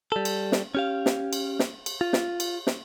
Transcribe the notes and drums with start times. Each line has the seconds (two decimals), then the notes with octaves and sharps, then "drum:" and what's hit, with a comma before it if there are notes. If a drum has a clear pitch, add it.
0.12 G3 A4
0.25 drum: cymbal
0.52 drum: snare
0.75 C#4 G4 F5
1.06 drum: snare
1.33 drum: cymbal
1.59 drum: snare
1.86 drum: cymbal
2.01 F4
2.13 drum: snare
2.40 drum: cymbal
2.67 drum: snare